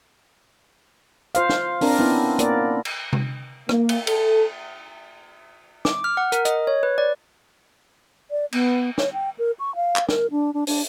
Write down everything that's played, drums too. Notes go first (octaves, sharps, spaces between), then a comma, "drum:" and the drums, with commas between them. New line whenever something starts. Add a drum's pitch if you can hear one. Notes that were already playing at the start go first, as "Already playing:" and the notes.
F4 C5 F5, drum: hi-hat
drum: snare
C4 D4 A#4, drum: open hi-hat
B3 C#4 E4
A#3 A#4 D5, drum: hi-hat
drum: cymbal
drum: tom C3
A#3, drum: rim click
drum: cymbal
A4, drum: cymbal
D6, drum: snare
F6
F#5
A#4, drum: hi-hat
D#5, drum: hi-hat
C#5
B4
D5
D5
B3, drum: cymbal
C#5, drum: snare
G5
A#4
C#6
F5
drum: clap
A#4, drum: snare
D4
D4
D4, drum: open hi-hat